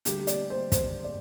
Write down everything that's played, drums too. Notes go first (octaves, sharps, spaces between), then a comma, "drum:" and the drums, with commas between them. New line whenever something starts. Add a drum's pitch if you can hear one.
D2 D3 G3 G4, drum: hi-hat
D5, drum: hi-hat
C5
C5, drum: kick, hi-hat
D5